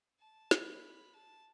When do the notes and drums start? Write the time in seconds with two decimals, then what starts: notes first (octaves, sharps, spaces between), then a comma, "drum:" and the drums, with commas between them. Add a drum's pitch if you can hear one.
0.20 A5
0.51 B5, drum: snare
1.14 A5